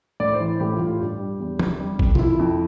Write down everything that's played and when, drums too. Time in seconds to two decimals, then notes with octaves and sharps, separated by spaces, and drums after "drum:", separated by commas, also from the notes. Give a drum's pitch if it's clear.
0.20 A2 D5
0.33 C5
0.40 E3
0.60 A2 G4
0.74 F4
0.80 A2
0.87 F4
1.00 G2 G4
1.19 G3
1.40 E2
1.60 C3, drum: tom
1.80 G3
1.99 F2, drum: kick
2.15 F4, drum: tom B2
2.19 F3 E4
2.39 F2